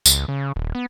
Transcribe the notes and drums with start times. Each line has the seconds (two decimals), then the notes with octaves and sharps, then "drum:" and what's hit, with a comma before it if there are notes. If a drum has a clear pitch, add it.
0.06 C#2, drum: tambourine
0.28 C#3
0.56 D#1
0.75 B3